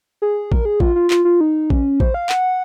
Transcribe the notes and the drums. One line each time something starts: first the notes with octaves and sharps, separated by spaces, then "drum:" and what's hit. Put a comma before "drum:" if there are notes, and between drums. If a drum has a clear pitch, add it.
G#4
A#4, drum: kick A1
G#4
F4, drum: kick A1
F4
F4, drum: clap
F4
D#4
C#4, drum: kick A1
C5, drum: kick A1
F5
F#5, drum: clap